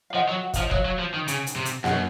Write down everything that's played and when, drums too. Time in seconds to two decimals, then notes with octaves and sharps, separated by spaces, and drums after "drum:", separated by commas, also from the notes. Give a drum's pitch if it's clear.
0.10 F5
0.14 F3 D#5 F#5
0.29 F#3
0.43 F#5
0.54 F3 F5, drum: kick, hi-hat
0.63 D#5
0.71 F#3 C#5 F5, drum: kick
0.85 F#3
0.99 F3
1.14 D#3
1.28 C#3, drum: hi-hat
1.47 drum: hi-hat
1.56 C3
1.65 drum: hi-hat
1.84 F#2 D#5 F#5, drum: snare A#3